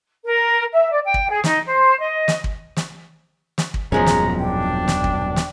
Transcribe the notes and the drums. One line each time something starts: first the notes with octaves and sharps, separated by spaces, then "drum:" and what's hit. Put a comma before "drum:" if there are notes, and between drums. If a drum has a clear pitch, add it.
A#4
E5
D5
G5
drum: kick
G#4
D#4, drum: snare
C5
D#5
drum: snare
drum: kick
drum: snare
drum: snare
drum: kick
D#1 F#2 B2 F3 G#3 C#4 G#4 A#5
drum: snare
D4 G5
drum: snare
drum: kick
drum: snare